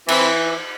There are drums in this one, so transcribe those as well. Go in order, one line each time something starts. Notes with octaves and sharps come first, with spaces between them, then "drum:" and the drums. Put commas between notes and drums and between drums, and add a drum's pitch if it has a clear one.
E3 C4 E4, drum: cymbal